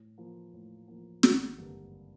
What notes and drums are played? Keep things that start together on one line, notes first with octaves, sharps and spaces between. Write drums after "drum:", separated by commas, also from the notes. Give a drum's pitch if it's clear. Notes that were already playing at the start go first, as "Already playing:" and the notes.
Already playing: A2
F3 A#3
A2
F3 A#3
G#1, drum: snare
G2 D3 G3 A#3